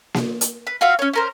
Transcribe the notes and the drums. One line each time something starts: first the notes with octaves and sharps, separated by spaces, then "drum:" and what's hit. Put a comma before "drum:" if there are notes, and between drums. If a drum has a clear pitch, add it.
drum: snare A#3
drum: hi-hat
B4
F4 F#4 E5 F5
C#4 C#5
C#4 A#4 C5